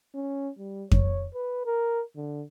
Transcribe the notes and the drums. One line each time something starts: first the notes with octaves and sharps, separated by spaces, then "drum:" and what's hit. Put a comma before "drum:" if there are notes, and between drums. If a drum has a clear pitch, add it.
C#4
G3
C#5, drum: kick F2
B4
A#4
D3